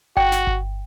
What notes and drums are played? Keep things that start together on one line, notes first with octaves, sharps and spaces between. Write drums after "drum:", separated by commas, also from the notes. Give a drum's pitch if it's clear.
F#4 G5, drum: kick G1
drum: snare
drum: kick G1